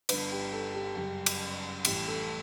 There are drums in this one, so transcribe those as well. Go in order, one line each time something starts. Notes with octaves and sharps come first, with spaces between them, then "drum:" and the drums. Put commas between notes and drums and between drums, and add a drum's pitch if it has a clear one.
G1 G2 D3 B4, drum: cymbal
G4
A4
G4
F#2 C#3 G3 G4
drum: cymbal
A1 A2 G3 G4, drum: cymbal
A4